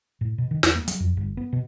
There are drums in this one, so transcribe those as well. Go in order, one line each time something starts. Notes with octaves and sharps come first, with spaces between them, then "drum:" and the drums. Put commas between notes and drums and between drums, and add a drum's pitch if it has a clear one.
A2
B2
D#3
E2, drum: snare
A#3
F#3, drum: hi-hat
F2
G1
B3
B2